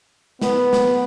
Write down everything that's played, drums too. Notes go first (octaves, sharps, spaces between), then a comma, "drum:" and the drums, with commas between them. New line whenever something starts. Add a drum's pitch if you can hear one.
B3, drum: snare
drum: snare